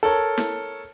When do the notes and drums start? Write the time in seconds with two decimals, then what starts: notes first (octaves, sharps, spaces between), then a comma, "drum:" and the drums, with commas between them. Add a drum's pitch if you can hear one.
0.03 A4 A#4 C#5, drum: open hi-hat
0.38 drum: snare